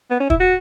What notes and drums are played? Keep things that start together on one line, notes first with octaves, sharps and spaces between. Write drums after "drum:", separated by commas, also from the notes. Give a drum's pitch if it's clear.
B3
C#4
E4, drum: kick
F#4